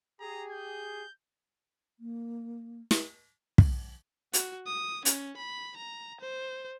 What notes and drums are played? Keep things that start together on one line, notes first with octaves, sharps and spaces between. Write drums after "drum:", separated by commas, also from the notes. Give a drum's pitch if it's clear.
G4 G#4 A#5
G6
A#3
drum: snare
drum: kick
F#4, drum: hi-hat
D#6
C#4, drum: hi-hat
B5
A#5
C5